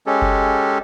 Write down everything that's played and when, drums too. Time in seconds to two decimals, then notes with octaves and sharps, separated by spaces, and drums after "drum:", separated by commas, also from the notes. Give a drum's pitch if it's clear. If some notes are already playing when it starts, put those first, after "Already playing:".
0.07 G#3 C#4 G4 A4
0.22 drum: kick F#1